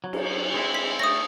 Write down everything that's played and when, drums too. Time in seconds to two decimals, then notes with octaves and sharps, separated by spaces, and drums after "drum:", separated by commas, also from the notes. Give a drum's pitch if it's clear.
0.04 F#3
0.13 drum: cymbal
0.54 G#3 C4 E4
0.75 B6
1.00 A3 D#6 A#6